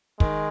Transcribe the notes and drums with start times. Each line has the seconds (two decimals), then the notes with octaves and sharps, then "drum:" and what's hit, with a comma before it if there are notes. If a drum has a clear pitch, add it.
0.20 D#3 G#3, drum: kick